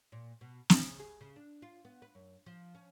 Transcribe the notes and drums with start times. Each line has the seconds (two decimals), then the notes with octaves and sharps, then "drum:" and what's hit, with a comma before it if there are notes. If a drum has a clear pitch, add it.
0.12 A#2
0.41 B2
0.70 C#3, drum: snare
1.00 G#4
1.21 C#3
1.36 D4
1.62 F4
1.85 B3
2.02 B4
2.15 F#2
2.46 F3
2.75 C#4